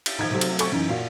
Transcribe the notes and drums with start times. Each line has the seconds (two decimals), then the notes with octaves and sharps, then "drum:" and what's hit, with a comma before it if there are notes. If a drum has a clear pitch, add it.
0.06 drum: cymbal
0.19 D#3 F3 D#4 G#6
0.31 C3 F#3 A3
0.41 drum: cymbal
0.59 A4 C#6, drum: cymbal
0.72 F#2 E3 D#4
0.89 A#2 F4 F#4